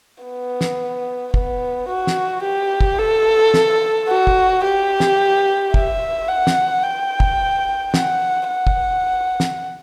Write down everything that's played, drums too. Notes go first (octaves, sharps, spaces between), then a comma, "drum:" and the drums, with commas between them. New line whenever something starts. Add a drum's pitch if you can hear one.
B3
drum: snare
B3, drum: kick
F#4
drum: snare
G4
drum: kick
A4
drum: snare
F#4
drum: kick
G4
drum: snare
E5, drum: kick
F#5
drum: snare
G5
drum: kick
F#5, drum: snare
F#5
drum: kick
drum: snare